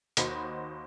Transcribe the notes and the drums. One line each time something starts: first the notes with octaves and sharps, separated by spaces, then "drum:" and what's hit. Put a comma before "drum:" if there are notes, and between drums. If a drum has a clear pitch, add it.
D#2 A#3 F#4 C5 D#5 B5, drum: hi-hat